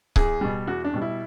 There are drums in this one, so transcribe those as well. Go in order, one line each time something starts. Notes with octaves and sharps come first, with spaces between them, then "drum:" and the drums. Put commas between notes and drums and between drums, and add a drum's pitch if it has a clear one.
E2 G#4, drum: kick C#1
B2 G3
E2 F#4
D4
B2 G3
E4